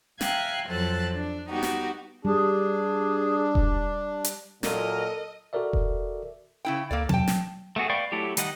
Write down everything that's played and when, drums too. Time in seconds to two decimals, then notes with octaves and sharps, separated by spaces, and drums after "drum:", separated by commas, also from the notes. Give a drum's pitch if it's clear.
0.21 E5 F5 G5 G#5 A#5 F#6, drum: snare
0.67 F2 F#3 A4 C5 A5 F#6
1.14 D4
1.49 G3 B3 D#4 F#4 G4
1.63 drum: snare
2.25 G3 D4 G#4
3.55 drum: kick E1
4.24 drum: hi-hat
4.63 A#2 F#3 A4 A#4 D#5, drum: snare
5.53 F#4 A4 A#4 D5 E5
5.73 drum: kick E1
6.65 C#3 E4 G5
6.91 D2 A#3 A4 D5
7.09 F#3 G5 A5, drum: tom B2
7.27 drum: snare
7.76 A3 B3 F#4 G#4
7.89 B4 D5 F5 G5 C#6
8.12 F#3 A3 E4 G4
8.37 D#3 G3 D#5 F#5 F#6, drum: hi-hat